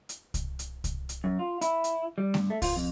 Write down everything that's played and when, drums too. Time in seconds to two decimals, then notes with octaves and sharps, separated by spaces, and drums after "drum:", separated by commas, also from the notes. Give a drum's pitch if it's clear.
0.09 drum: hi-hat
0.34 drum: kick C2, hi-hat
0.59 drum: hi-hat
0.84 drum: kick C2, hi-hat
1.09 drum: hi-hat
1.24 F#2
1.39 F4
1.61 E4, drum: hi-hat
1.84 drum: hi-hat
2.18 G3
2.34 G2, drum: snare A3
2.50 A3
2.62 F4, drum: kick C2, open hi-hat
2.76 F2